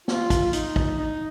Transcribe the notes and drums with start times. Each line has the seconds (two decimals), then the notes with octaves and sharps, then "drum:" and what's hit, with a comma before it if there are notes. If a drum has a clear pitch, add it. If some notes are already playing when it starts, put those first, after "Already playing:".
0.08 F4, drum: snare
0.30 drum: kick, hi-hat
0.53 D#4, drum: hi-hat
0.76 drum: kick
0.99 D#4